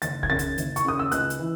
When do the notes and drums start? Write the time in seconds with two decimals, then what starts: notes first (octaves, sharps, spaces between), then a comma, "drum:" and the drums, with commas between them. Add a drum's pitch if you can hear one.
0.02 F#1 A6, drum: hi-hat
0.23 G#6, drum: kick C2
0.30 F#2 C#3 A6
0.39 drum: hi-hat
0.58 F#1, drum: hi-hat
0.76 C#6, drum: hi-hat
0.85 F#2 C#3 D#6
0.99 E6
1.12 C#2 F#6, drum: hi-hat
1.30 drum: hi-hat
1.39 E3